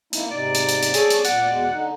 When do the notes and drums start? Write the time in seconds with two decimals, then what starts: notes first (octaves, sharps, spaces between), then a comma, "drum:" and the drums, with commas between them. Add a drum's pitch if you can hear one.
0.13 A#3 D#4 E4, drum: hi-hat
0.31 G#2 C3 D#4 D5
0.55 drum: hi-hat
0.69 drum: hi-hat
0.83 drum: hi-hat
0.94 G#4 A4 C#5, drum: hi-hat
1.10 drum: hi-hat
1.25 A#2 F#5, drum: hi-hat
1.46 E2 B2 G#3
1.72 D3 D#4